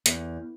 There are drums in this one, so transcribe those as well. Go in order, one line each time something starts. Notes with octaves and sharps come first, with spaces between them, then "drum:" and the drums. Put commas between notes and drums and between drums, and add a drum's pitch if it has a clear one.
E2, drum: hi-hat